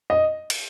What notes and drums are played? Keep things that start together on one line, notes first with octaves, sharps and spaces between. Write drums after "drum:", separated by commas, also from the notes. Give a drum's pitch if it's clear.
D#5
drum: cymbal